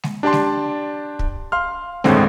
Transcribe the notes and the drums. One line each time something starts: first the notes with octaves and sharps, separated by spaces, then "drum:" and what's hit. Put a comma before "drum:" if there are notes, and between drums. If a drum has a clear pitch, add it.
drum: snare G#3
D4 G4 D5 A5 C6
drum: snare G#3
drum: kick
F5 C6 F6
G1 D#2 A2 D3 G#3 C4, drum: snare G#3